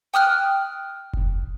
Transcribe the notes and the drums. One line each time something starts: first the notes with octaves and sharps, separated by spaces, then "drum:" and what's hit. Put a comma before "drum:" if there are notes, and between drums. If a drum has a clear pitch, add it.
G5 D#6 F6 F#6
drum: kick F1